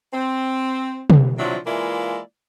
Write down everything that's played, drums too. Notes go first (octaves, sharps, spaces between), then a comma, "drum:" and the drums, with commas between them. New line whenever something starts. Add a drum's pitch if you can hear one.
C4
drum: tom
C3 F3 F#3 C4 D4 E4
E3 G#3 A#3 E4 F4 D5